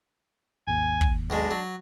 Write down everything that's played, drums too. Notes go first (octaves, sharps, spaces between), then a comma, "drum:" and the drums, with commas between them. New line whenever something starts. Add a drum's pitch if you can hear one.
G#1 D#2 G#5
drum: kick
B1 B2 G#3 D4
F#3